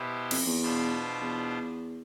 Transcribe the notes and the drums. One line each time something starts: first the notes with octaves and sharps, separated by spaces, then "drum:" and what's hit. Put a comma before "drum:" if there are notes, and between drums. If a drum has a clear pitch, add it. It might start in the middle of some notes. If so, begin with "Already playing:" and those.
Already playing: B2 B3 E4 G4 C5
F2, drum: cymbal
E2
B2 B3 D4 F4 C5
E2